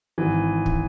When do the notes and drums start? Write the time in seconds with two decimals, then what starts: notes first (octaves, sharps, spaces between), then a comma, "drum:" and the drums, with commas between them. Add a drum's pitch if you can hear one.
0.18 G#1 E3
0.66 drum: kick